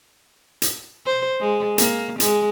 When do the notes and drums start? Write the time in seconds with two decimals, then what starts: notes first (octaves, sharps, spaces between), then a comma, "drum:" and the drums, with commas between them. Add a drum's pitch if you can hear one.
0.62 drum: hi-hat
1.06 C5
1.41 G#3
1.78 A#3, drum: hi-hat
2.20 G#3, drum: hi-hat